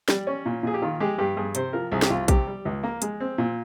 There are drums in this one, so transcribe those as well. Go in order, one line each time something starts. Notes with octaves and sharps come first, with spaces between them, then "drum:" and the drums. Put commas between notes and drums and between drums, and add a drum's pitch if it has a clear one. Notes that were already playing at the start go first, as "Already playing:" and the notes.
G3, drum: snare
C#4
A#2
A#2 G#4
G4
D#3 F4
G#3 G4
G2 G4
G2 G#4
C3 C5, drum: hi-hat
F3 A#4
C2 G#4
G4, drum: snare
C2 F4
C3 G4, drum: kick A#1, hi-hat
G3
C#2
A#3
G#3, drum: hi-hat
C4
A#2